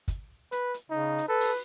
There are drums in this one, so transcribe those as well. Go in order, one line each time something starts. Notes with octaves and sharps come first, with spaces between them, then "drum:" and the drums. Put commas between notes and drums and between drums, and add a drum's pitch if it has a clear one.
drum: kick, hi-hat
B4, drum: hi-hat
drum: hi-hat
C#3 D#4
drum: hi-hat
A4 B4
drum: open hi-hat